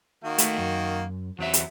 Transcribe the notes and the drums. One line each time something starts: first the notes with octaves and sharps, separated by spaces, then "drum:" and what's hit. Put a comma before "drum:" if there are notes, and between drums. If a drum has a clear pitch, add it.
D#3 A#3 F#4
A3, drum: hi-hat
F#2
E2 F#3 C4 E5
drum: hi-hat